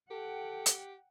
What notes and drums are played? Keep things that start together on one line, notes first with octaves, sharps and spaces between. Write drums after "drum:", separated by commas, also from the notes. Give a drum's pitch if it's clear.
G4 A4 F#5 G5
drum: hi-hat